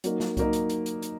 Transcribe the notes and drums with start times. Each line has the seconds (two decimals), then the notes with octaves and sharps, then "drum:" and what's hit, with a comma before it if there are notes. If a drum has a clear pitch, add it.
0.04 F#3 A#3 D#4, drum: hi-hat
0.20 drum: snare
0.37 F#3 A#3 D#4, drum: kick C2, hi-hat
0.53 drum: hi-hat
0.69 drum: hi-hat
0.86 drum: hi-hat
1.02 drum: hi-hat